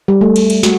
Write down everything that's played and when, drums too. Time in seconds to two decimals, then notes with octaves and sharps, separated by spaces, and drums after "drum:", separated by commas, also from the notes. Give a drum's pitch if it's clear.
0.08 G3
0.21 A3
0.36 drum: cymbal
0.50 drum: cymbal
0.63 F#4, drum: snare